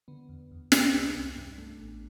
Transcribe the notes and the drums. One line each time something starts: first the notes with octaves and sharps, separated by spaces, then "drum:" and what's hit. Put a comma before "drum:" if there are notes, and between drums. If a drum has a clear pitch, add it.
D3 B3
E2
E2
C3 B3 D4, drum: snare
C2
C2
G2
A3
A1